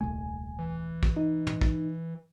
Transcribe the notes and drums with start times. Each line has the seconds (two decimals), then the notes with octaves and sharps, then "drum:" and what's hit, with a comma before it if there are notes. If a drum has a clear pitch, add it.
0.01 D#1 C2 A3 G#5
0.59 E3
1.03 drum: kick
1.16 D#4
1.47 drum: tom
1.61 drum: kick